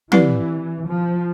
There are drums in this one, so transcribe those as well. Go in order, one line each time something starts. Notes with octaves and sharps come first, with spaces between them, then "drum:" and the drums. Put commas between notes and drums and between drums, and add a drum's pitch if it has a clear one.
E3 C4 E4 G4 B4 D5, drum: tom
F3